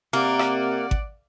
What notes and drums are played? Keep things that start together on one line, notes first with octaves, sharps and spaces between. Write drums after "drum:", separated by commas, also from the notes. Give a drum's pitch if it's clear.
C3 A#3 D5 F#5
drum: rim click
drum: kick G#1